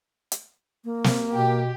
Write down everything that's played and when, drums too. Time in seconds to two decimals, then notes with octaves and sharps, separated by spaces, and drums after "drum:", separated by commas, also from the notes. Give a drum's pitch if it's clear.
0.32 drum: hi-hat
0.85 A#3
1.04 drum: snare
1.34 B2 G4